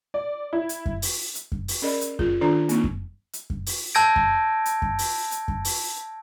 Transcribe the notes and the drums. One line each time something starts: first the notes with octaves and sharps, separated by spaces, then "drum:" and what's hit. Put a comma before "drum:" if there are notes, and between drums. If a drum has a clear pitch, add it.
D5
E4
drum: hi-hat
drum: kick F#2
drum: open hi-hat
drum: hi-hat
drum: kick F#2
drum: open hi-hat
C#4 G#4 A#4 D5 D#5 B5
drum: hi-hat
F4 G#4, drum: kick F#2
D#3 D4 F4 A4 C5 A#5
A#3 C4 D#4, drum: hi-hat
drum: kick F#2
drum: hi-hat
drum: kick F#2
drum: open hi-hat
A5 E6 G6 G#6 A#6 D7
drum: kick F#2
drum: hi-hat
drum: kick F#2
drum: open hi-hat
drum: hi-hat
drum: kick F#2
drum: open hi-hat